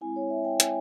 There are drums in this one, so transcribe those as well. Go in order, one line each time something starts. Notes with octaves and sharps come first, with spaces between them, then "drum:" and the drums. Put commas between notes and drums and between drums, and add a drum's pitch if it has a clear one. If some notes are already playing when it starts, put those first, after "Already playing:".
G#3 C4 E4 G#5
C#5
E5
G5
G#5, drum: hi-hat